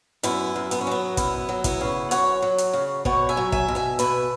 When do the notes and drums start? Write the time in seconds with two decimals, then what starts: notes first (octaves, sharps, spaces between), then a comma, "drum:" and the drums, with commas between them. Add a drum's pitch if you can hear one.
0.23 F#2 B3 E4, drum: hi-hat
0.56 F#2
0.71 B3, drum: hi-hat
0.81 C#4
0.87 F#3 B3
1.17 F#2 B3 E4, drum: kick, hi-hat
1.49 F#3
1.64 B3 E4, drum: kick, hi-hat
1.81 C#3
2.11 F#2 C#5 F#5, drum: hi-hat
2.42 F#3
2.58 drum: hi-hat
2.73 C#3
3.05 B2 C#5 F#5, drum: kick
3.29 E5 G#5
3.37 F#3
3.52 E5 G#5, drum: kick
3.68 B2
3.75 E5 G#5
3.99 B2 B4 E5, drum: hi-hat